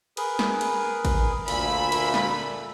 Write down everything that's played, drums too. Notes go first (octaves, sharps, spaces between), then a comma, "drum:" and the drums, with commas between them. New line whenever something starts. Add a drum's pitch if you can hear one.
G#4 A#4 B4, drum: cymbal
drum: snare
drum: cymbal
drum: kick A1, cymbal
D2 A#2 A4 E5 B5, drum: cymbal
drum: cymbal
drum: snare